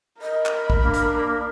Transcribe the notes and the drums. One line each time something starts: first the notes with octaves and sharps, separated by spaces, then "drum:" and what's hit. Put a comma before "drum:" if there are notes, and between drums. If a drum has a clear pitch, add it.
A#4 D#5 B5
drum: clap
drum: kick
A#3 D4
drum: hi-hat